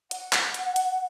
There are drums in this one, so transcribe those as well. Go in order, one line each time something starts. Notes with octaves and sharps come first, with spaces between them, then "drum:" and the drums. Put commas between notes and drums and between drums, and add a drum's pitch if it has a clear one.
F#5, drum: hi-hat
drum: clap
drum: hi-hat
drum: hi-hat